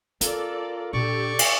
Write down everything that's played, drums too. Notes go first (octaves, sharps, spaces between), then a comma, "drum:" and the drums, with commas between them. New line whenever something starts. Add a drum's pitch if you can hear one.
C#4 F4 A4 A#4 D5, drum: hi-hat
A#2 D4 G4 A4 D5 C#6
drum: cymbal